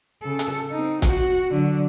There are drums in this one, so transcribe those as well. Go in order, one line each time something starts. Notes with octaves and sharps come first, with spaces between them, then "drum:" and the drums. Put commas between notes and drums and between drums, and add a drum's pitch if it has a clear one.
C#3 A4
drum: hi-hat
C4 D#4
F#4, drum: kick, hi-hat
D3 F#3